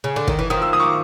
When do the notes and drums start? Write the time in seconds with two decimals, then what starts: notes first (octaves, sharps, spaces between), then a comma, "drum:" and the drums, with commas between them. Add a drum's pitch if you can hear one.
0.04 C#3
0.16 D3
0.28 D#3, drum: kick
0.39 E3
0.50 D#3 F3 D#6
0.62 E6
0.73 D#6
0.80 C#6
0.83 D6